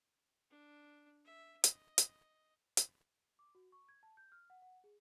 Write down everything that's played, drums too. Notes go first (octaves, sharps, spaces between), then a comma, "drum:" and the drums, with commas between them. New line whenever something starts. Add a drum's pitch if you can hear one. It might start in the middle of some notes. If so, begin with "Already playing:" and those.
D4
E5
D#5, drum: hi-hat
drum: hi-hat
drum: hi-hat
D6
F#4
C#6
G#6
A5
G6
F6
F#5
F#5
G#4